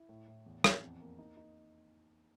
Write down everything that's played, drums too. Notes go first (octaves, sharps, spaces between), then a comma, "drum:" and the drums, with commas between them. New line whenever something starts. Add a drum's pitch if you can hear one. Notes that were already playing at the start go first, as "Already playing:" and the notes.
Already playing: E4
A2
A2
E2
E2, drum: rim click
F2
A#3
D#4
D#4